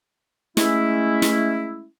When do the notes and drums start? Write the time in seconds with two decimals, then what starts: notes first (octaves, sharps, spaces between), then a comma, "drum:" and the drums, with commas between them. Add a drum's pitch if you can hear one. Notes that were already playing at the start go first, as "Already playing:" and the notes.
0.57 G#3 A3 C#4 E4, drum: snare
1.22 drum: snare